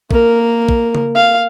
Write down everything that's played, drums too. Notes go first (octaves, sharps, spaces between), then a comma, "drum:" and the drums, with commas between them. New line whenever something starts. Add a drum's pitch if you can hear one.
A#3 A#4, drum: kick
drum: kick
drum: tom C#3
F5